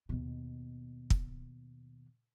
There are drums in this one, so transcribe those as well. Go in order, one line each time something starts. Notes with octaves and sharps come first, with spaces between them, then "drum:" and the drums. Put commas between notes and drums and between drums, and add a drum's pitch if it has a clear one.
D#2 B2
drum: kick